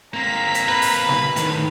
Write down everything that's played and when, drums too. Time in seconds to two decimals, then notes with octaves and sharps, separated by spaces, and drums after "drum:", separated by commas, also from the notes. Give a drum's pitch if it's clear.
0.14 A#3 C4 A#5 B6
0.54 drum: hi-hat
0.68 B4
0.82 drum: open hi-hat
1.09 drum: snare
1.36 A2 D3 D#3, drum: hi-hat